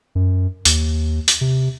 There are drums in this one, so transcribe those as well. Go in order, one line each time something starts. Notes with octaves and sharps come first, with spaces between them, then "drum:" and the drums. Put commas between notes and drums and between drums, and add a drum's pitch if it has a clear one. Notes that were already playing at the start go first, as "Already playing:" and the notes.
F#2
D#2, drum: hi-hat
drum: hi-hat
C3